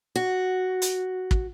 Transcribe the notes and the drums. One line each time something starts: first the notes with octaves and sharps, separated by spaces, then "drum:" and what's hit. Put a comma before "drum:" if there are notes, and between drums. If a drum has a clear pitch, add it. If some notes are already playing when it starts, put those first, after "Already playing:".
F#4
drum: hi-hat
drum: kick